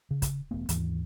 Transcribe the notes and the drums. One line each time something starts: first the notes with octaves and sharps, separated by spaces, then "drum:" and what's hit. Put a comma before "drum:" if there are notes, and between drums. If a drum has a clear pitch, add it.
C#3
drum: kick, hi-hat
E1 A3 B3
D#2 G#2 E3, drum: hi-hat